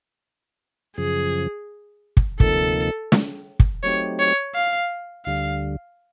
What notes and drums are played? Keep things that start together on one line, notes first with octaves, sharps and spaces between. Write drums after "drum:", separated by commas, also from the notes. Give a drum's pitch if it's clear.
F#2 C#3 F3 G#4
drum: kick
D2 C3 F3 A#3 D#4 A4, drum: kick
drum: snare
drum: kick
F#3 A3 C4 D#4 G4 C#5
C#5
F5
D2 D3 G3 F5